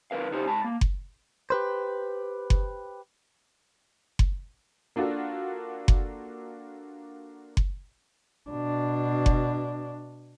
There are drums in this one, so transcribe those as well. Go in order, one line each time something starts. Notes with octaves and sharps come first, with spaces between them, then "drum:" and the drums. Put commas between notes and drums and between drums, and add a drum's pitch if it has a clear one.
D#3 A#4 B4 F5
C#2 C#3 D#4 G4 C5
G#2 A5 B5
A#3
drum: kick F#1
G4 B4 C5
drum: kick F#1
drum: kick F#1
A#3 D4 F4 F#4 A4
drum: kick F#1
drum: kick F#1
B2 D4
drum: kick F#1